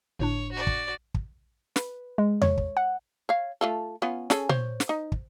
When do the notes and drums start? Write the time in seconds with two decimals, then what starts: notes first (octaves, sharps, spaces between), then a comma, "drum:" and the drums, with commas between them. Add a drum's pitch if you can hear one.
0.19 G1 A2 D4 C#5
0.52 F#4 D5
0.67 drum: kick
1.14 drum: kick
1.76 B4, drum: snare
2.18 G#3
2.42 C#5, drum: tom E2
2.57 drum: kick
2.77 F#5
3.29 C#5 F5
3.61 A3 F4 A4
4.02 B3 C#4 F4
4.30 C#4 G#4 A4, drum: snare
4.49 C5 C#5, drum: tom A#2
4.80 drum: snare
4.89 D#4
5.12 drum: kick